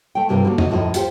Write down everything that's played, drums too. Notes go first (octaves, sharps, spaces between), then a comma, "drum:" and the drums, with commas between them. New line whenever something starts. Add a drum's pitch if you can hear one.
A3 G5
G2 C3 G3 C4 F4 A#4
D3 F#3 A#3
F#3 D#5, drum: tom E2
F#2 A2 F3 F#3 D#5
F4 G4 C5, drum: hi-hat